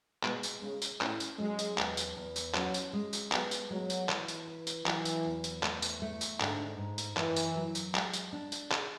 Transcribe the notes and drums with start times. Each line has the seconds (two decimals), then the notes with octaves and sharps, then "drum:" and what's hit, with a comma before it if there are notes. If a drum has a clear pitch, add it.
0.23 B2 G#3, drum: clap
0.43 drum: tambourine
0.62 C#3 G#3
0.82 drum: tambourine
1.01 A2 C#4, drum: clap
1.20 drum: tambourine
1.39 F#3 G#3
1.59 drum: tambourine
1.78 E2, drum: clap
1.97 drum: tambourine
2.16 E2
2.36 drum: tambourine
2.54 F#3 C#4, drum: clap
2.74 drum: tambourine
2.93 G#3
3.13 drum: tambourine
3.32 F#3 B3, drum: clap
3.51 drum: tambourine
3.71 F#3 G#3
3.90 drum: tambourine
4.09 E3, drum: clap
4.28 drum: tambourine
4.48 B4
4.67 drum: tambourine
4.86 E3 F#3, drum: clap
5.05 drum: tambourine
5.25 E2
5.44 drum: tambourine
5.63 A3, drum: clap
5.82 drum: tambourine
6.02 A3
6.21 drum: tambourine
6.40 G#2 D3, drum: clap
6.78 G#2
6.98 drum: tambourine
7.17 F#2 E3, drum: clap
7.36 drum: tambourine
7.56 F#3
7.75 drum: tambourine
7.95 G#3, drum: clap
8.13 drum: tambourine
8.33 D4
8.52 drum: tambourine
8.71 G#4, drum: clap